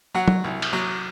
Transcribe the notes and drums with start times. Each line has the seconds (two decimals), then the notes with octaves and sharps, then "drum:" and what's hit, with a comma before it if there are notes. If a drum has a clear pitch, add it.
0.15 F#3 F#5
0.28 drum: tom
0.44 C2
0.62 drum: cymbal
0.73 F#3